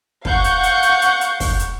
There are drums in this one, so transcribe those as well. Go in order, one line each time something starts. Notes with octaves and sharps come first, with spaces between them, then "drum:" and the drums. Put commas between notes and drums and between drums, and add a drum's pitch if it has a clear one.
F5 F#5 C#6 G6, drum: kick
drum: hi-hat
drum: hi-hat
drum: hi-hat
drum: hi-hat
drum: hi-hat
drum: kick, open hi-hat
drum: hi-hat